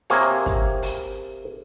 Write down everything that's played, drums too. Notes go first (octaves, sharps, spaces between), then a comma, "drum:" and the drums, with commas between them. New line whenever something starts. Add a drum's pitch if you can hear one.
C3 A#3 G#4 C#5, drum: open hi-hat
drum: kick, hi-hat
drum: open hi-hat